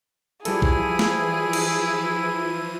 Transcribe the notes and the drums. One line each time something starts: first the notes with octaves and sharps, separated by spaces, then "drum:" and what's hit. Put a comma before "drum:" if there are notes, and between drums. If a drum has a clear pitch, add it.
E3 F3 G3 E4 G#4 A4 D#7, drum: hi-hat
drum: kick
drum: snare
drum: cymbal